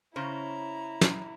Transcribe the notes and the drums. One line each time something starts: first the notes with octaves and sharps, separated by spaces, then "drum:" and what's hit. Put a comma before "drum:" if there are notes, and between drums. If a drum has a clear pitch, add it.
C#3 C#4 E4 C5 A#5
drum: snare